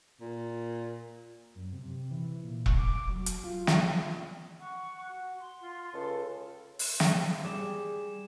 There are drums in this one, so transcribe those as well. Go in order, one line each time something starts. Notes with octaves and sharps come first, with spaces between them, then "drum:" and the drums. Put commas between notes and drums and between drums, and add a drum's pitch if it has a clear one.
A#2
F#2
C3
E3
A#2
drum: kick E1
D6
F#3
drum: hi-hat
F4
drum: snare
F#5 C#6
F#4
C6
F4
C#2 A4
drum: open hi-hat
drum: snare
G3 G#4 D6 E7